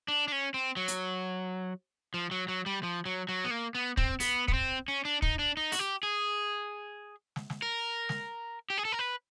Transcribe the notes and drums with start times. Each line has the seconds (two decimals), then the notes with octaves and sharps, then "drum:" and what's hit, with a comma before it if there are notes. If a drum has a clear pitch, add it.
0.08 D4
0.28 D4
0.32 C#4
0.54 C4
0.77 F#3
0.88 drum: hi-hat
2.14 F3
2.31 F#3
2.48 F#3
2.66 G3
2.83 F3
3.06 F#3
3.29 F#3
3.44 B3
3.51 A#3
3.75 B3
3.97 C4, drum: kick
4.20 B3, drum: open hi-hat
4.48 B3, drum: kick
4.54 C4
4.88 C#4
5.05 D4
5.22 D#4, drum: kick
5.39 D4
5.57 D#4
5.72 F#4, drum: open hi-hat
5.79 G4
6.03 G#4
7.36 drum: snare
7.50 drum: snare
7.62 A#4
8.09 drum: snare
8.70 G4
8.78 G#4
8.85 A4
8.92 A#4
8.99 B4